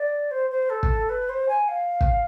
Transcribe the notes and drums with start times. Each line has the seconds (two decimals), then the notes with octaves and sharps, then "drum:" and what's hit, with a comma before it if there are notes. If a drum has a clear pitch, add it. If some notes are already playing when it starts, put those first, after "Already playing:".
Already playing: D5
0.31 C5
0.50 C5
0.69 A4
0.83 drum: kick
1.09 B4
1.29 C5
1.48 G#5
1.68 F5
2.01 drum: kick